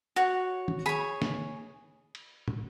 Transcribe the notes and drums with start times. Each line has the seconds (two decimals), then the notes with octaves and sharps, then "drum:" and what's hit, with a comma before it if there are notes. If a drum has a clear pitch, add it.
0.16 F#4 C#5
0.68 drum: tom
0.86 G#4 C#5 B5
1.22 drum: snare
2.15 drum: cymbal
2.48 drum: tom